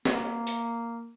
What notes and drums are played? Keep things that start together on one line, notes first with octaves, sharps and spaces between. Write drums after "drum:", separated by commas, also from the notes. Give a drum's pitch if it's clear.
A#3, drum: snare
drum: hi-hat